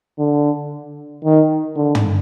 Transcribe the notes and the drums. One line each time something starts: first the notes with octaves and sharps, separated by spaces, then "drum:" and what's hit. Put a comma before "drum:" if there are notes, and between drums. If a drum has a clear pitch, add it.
D3
D#3
D3
drum: tom